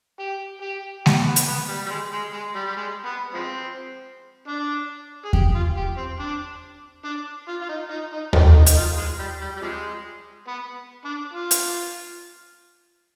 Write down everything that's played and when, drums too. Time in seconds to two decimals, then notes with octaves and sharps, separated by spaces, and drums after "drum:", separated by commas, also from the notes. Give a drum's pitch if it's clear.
0.19 G4
0.62 G4
1.06 G4, drum: snare G#3
1.26 B3
1.36 drum: hi-hat
1.48 B3
1.69 G3
1.86 G3
1.90 G#3
2.13 G#3
2.34 G#3
2.56 G3
2.67 G3
2.77 G#3
3.05 B3
3.34 F3 G#3 C4
4.48 D4
5.25 G#4
5.33 G4, drum: kick E2
5.55 F4
5.77 G4
5.97 C4
6.19 D4
7.05 D4
7.48 F4
7.62 F4
7.69 D#4
7.90 D#4
8.13 D#4
8.33 D#4, drum: tom D#2
8.55 D#4
8.67 D#4, drum: hi-hat
8.77 F4
8.97 G#3
9.19 G3
9.41 G3
9.57 G3
9.62 C3 F3 G#3
10.48 B3
11.05 D4
11.34 F4
11.51 drum: hi-hat